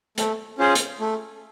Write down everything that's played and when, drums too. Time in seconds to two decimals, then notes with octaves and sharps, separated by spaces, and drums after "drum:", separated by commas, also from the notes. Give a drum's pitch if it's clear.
0.18 A3, drum: hi-hat
0.58 C#4 F4 G#4 C5
0.75 drum: hi-hat
1.00 A3